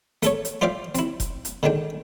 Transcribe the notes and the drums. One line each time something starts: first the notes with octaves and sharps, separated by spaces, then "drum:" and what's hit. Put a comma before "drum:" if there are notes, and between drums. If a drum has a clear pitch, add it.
A3 A4 C#5, drum: hi-hat
drum: hi-hat
F4 C5 D5 E5 F5 G5
C4 E4, drum: hi-hat
drum: kick F1, hi-hat
drum: hi-hat
D3 D#3 G#3 D4 G5